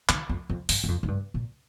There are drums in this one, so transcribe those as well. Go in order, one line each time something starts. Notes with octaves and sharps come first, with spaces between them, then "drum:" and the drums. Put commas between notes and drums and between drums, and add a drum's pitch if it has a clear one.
D#3, drum: clap
F2
F2
G2, drum: open hi-hat
G2
F2
G#2
G2
A#2